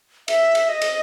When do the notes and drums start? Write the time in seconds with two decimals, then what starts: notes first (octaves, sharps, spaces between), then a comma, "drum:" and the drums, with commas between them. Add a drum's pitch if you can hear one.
0.28 E5, drum: cymbal
0.55 drum: cymbal
0.69 D#5
0.82 drum: cymbal